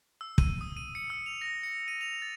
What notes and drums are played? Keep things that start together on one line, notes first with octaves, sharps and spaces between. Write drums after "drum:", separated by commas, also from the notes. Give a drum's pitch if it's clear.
E6
D#7, drum: kick
D#6
D#7
C#7
E6
F7
A#6
C#7
D#7
F7
A6